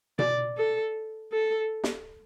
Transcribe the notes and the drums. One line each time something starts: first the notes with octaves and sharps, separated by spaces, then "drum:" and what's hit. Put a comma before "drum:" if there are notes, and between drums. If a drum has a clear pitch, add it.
D5, drum: tom B2
A4
A4
drum: snare